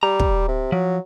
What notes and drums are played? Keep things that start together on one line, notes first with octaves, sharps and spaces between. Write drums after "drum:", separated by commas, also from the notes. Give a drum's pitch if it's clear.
G3 A#5
drum: kick
C3
F3 F#3